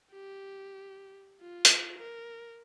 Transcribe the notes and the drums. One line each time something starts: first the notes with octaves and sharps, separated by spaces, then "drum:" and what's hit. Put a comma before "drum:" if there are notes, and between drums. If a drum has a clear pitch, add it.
G4
F4
drum: hi-hat
A#4